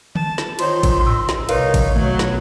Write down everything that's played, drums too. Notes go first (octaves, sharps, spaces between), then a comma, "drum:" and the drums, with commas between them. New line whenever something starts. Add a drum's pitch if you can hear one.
A5, drum: tom D3
drum: snare
D#3 F4 C5 C#5 C6, drum: cymbal
drum: kick G#1, cymbal
E6, drum: tom G#2
drum: snare
C2 D#4 A#4 B4 C#5 F5, drum: cymbal
drum: kick G#1, cymbal
B1 F#3 A3, drum: tom D3
drum: snare